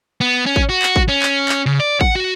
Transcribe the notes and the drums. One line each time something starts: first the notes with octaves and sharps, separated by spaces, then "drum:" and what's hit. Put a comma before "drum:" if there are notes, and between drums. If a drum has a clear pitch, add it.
B3
C#4
drum: kick
F#4
drum: clap
drum: kick
C#4
drum: clap
drum: clap
C#3
D5
F#5, drum: kick
F#4